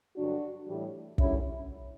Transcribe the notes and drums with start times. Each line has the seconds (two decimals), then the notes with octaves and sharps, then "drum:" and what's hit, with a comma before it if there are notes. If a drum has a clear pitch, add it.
0.16 G2 D3 F#3 D4 F#4
0.67 A2 E3 G3
1.18 F#2 D3 G3 C#4 E4, drum: kick